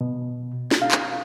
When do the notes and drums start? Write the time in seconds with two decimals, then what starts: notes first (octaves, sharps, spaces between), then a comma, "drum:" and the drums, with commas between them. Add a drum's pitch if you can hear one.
0.01 B2
0.71 drum: snare
0.82 F5
0.91 drum: clap